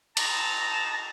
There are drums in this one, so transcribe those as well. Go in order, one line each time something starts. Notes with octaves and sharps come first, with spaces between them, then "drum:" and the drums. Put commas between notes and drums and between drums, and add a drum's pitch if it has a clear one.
D#4 A5 A#5, drum: cymbal